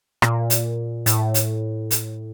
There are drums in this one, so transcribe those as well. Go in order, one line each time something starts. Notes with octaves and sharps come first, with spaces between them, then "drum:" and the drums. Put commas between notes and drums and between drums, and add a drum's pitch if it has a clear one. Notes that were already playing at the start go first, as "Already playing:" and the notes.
A#2, drum: rim click
drum: hi-hat
A2, drum: hi-hat
drum: hi-hat
drum: hi-hat